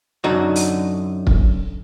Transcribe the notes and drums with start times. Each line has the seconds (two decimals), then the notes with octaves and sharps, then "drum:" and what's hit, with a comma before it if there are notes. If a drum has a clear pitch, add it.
0.24 F#2 D3 D#4 F#4
0.56 drum: open hi-hat
1.27 drum: kick